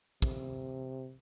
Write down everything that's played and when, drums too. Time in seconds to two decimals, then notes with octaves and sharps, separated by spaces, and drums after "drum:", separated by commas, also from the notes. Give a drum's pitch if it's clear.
0.22 C3, drum: kick